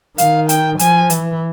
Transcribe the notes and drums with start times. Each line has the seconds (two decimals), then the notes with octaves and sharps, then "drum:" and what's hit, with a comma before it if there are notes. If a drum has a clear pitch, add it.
0.18 D#3 F5, drum: hi-hat
0.49 G5, drum: hi-hat
0.79 F3 G#5, drum: hi-hat
1.10 E3, drum: hi-hat